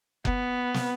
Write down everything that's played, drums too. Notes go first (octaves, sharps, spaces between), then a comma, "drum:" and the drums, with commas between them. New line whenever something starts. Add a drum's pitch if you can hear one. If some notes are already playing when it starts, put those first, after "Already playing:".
B3, drum: kick F#1
drum: snare